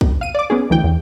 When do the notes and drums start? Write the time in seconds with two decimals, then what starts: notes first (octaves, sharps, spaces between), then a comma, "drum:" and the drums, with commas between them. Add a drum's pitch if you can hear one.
0.01 drum: kick
0.21 F5 D#7
0.35 D5 D6
0.50 B3 C#4 G#4
0.70 D2 E3 G5
0.84 E2